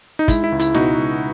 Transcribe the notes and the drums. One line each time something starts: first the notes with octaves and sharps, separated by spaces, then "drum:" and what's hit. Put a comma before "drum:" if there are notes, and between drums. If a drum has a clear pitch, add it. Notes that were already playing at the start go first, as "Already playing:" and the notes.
D#4
G#3 E4, drum: kick, hi-hat
E4
C#2
E4, drum: hi-hat
B2 D#4 F#4, drum: snare
C#2